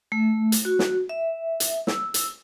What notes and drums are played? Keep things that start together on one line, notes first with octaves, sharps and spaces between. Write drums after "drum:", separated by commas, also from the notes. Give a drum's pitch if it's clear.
A3
drum: hi-hat
F#4
drum: snare
E5
drum: hi-hat
E6, drum: snare
drum: hi-hat